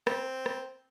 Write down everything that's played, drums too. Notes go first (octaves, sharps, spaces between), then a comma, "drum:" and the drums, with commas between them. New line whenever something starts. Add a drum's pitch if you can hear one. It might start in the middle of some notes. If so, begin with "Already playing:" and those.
C4, drum: rim click
drum: rim click